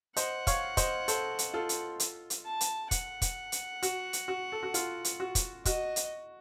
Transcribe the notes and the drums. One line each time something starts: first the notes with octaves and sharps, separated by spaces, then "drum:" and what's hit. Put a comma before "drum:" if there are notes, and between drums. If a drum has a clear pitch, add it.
C5 D#5 F#5, drum: hi-hat
C#5 F5, drum: kick, hi-hat
C5 D#5, drum: kick, hi-hat
A4 C5, drum: hi-hat
drum: hi-hat
F4 A4
drum: hi-hat
drum: hi-hat
drum: hi-hat
A5
drum: hi-hat
F#5, drum: kick, hi-hat
drum: kick, hi-hat
drum: hi-hat
F#4, drum: hi-hat
drum: hi-hat
F#4
A4
F#4
F4, drum: hi-hat
drum: hi-hat
F#4
drum: kick, hi-hat
F#4 D#5, drum: kick, hi-hat
drum: hi-hat